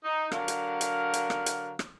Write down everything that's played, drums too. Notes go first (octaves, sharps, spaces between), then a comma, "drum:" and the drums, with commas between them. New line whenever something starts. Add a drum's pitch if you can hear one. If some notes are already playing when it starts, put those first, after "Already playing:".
D#4
D3 F#3 D4 A#4 F5 F#5, drum: rim click
drum: hi-hat
drum: hi-hat
drum: hi-hat
drum: rim click
drum: hi-hat
drum: rim click